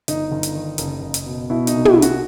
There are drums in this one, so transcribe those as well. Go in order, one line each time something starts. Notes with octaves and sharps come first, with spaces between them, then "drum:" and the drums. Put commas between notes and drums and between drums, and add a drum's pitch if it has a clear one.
G1 D#4, drum: hi-hat
G1
drum: hi-hat
D#3
F#1, drum: hi-hat
F#1
drum: hi-hat
B2
B2 E4
D#4, drum: hi-hat
C2
E4, drum: tom
C2
F#4, drum: hi-hat